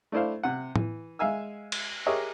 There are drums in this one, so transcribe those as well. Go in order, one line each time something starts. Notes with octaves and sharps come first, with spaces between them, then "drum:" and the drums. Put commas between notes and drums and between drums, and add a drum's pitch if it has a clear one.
A3 D4 E4 C5 F5
C3 F#5
E3, drum: tom A2
G#3 E5 F5 G#5 E6
drum: cymbal
G4 G#4 A#4 C#5 D#5 E5